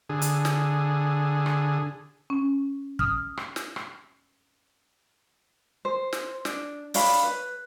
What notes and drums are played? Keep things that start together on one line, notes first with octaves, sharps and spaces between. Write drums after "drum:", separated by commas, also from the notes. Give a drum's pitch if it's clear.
D3 G#4
drum: hi-hat
drum: snare
drum: rim click
C#4
D#6 F6, drum: kick
drum: rim click
drum: snare
drum: rim click
C5
drum: snare
D4, drum: snare
D4 C#5 F5 B5, drum: open hi-hat
B4